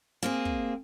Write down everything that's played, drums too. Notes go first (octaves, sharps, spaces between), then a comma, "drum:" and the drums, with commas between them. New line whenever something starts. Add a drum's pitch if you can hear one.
A#3 C4 G#4
drum: kick